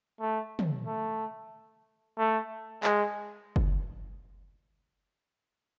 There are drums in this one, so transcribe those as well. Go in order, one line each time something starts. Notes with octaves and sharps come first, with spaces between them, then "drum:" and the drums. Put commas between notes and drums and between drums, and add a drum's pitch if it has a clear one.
A3
drum: tom
A3
A3
G#3, drum: clap
drum: kick F#1